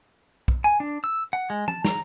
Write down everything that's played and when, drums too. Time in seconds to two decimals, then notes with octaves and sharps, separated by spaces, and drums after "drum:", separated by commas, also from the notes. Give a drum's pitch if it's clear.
0.48 drum: kick B1
0.64 G#5
0.80 D4
1.04 E6
1.33 F#5
1.50 G#3
1.68 A5, drum: tom
1.85 A#5, drum: snare